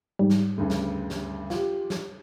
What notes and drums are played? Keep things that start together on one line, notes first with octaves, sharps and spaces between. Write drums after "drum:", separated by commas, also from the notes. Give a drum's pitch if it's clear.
G#2 G3
drum: snare
D2 G2 C#3
drum: snare
drum: snare
F4 G4, drum: snare
drum: snare